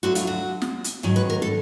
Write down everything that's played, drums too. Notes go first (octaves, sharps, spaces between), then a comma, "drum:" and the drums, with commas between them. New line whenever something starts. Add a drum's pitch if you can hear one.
D2 D3 F#3 F#4
F4, drum: hi-hat
F#4
drum: snare
drum: hi-hat
G#2 D#3 F#3
B4
A#4
A4